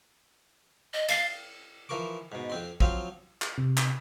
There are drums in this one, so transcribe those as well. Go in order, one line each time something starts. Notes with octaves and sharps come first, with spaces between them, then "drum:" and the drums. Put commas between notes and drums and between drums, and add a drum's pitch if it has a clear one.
D#5
F5 A6 C7 G7, drum: cymbal
E3 F3 A#4 C#6 D6
G#2 B2
F2 C4 C6
F3 F#3 C4 F5, drum: kick
drum: clap
C3
drum: clap